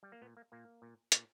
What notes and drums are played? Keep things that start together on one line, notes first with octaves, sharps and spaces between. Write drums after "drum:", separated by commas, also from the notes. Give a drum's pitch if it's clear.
G3
A#3
A#2 B3
A#3
A#2 A#3
A#2
A#2, drum: hi-hat